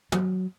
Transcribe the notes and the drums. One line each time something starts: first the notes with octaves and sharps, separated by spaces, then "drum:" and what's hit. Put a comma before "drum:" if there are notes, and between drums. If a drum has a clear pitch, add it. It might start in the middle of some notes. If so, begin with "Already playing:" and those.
F#3, drum: tom